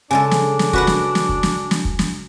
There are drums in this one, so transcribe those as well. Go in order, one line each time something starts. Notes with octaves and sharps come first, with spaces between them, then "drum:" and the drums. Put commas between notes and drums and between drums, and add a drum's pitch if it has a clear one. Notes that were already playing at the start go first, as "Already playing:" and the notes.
C#3 G#3 D4 A4 G#5
drum: snare
drum: snare
F#4 B4 F#5, drum: kick
drum: snare
drum: snare
drum: kick
drum: snare
drum: snare
drum: kick
drum: snare